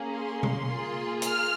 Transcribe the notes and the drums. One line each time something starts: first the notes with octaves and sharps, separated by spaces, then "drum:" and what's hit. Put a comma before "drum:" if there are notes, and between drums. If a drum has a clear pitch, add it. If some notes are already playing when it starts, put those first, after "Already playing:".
Already playing: A#3 C#4 G#4
C6
drum: tom B2
A#3 F4 G#4
F6, drum: hi-hat